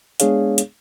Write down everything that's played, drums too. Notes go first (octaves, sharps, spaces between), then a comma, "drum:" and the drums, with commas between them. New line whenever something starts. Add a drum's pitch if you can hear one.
G#3 B3 D4 G#4 C#5 F5, drum: hi-hat
drum: hi-hat